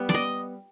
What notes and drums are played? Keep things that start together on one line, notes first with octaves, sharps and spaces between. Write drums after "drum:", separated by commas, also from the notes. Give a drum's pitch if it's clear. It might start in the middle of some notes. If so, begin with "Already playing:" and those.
Already playing: G3 B3
D5, drum: snare B3
D#5